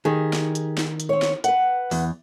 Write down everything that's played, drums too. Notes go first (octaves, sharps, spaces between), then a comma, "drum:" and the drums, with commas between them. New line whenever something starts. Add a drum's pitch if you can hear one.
D#3 G4 G#4
drum: snare
drum: hi-hat
drum: snare
drum: hi-hat
C4 C#5
drum: snare
B4 F#5, drum: hi-hat
E2, drum: open hi-hat